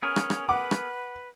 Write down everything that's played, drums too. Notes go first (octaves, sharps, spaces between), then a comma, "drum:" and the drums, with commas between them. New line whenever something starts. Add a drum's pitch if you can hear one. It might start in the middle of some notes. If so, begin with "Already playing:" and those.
B3 C#4 G#4 A#4
drum: rim click
drum: rim click
B4 F#5 D6
drum: rim click